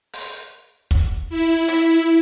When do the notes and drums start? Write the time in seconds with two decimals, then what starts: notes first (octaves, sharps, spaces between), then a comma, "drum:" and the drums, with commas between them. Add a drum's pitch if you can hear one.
0.13 drum: open hi-hat
0.91 drum: kick, hi-hat
1.29 E4
1.68 drum: hi-hat